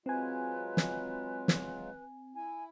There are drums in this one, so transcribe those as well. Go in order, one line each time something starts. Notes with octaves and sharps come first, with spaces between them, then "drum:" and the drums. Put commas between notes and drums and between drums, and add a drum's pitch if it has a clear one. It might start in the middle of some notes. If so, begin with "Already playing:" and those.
F#3 G#3 C4 F4 B4 G#5
drum: snare
drum: snare
E4 G#5